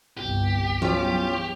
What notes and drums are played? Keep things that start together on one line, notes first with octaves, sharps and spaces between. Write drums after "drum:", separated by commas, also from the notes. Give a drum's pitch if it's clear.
G1 C2 G4
E2 F#3 G3 C#4 F4, drum: tom E3